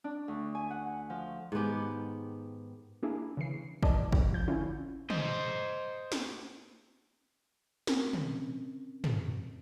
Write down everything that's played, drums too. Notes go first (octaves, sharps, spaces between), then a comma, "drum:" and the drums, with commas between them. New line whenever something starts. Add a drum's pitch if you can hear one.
D4
D2
G#5
F#5
F3
G#2 D#3 B3 G4
A#3 D4 E4 G#4
C#3 E3 C7
E3 D5 D#5 A5, drum: kick
drum: kick
A1 F3 G6
D3 C4 C#4 E4 F4
C5 D#5, drum: tom
drum: snare
C4 C#4 A#4, drum: snare
drum: tom
drum: tom